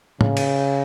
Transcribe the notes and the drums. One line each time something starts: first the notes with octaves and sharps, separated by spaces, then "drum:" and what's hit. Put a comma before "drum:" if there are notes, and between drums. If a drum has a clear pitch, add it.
C#3, drum: tom A2
drum: cymbal